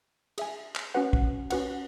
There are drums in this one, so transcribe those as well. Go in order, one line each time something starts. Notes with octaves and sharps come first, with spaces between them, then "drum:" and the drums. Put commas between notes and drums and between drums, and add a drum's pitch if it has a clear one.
G#4 E5 G#5, drum: cymbal
drum: clap
C#4 F#4 B4 F#5
drum: kick
C#4 F#4 B4 F#5, drum: cymbal